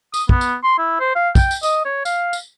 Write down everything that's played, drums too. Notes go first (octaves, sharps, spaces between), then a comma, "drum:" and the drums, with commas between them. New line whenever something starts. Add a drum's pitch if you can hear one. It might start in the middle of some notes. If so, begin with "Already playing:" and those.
D#6, drum: tambourine
B3, drum: kick
drum: tambourine
C6
E4
C5
F5
G5, drum: kick, tambourine
drum: tambourine
D#5, drum: tambourine
C#5
F5, drum: tambourine
drum: tambourine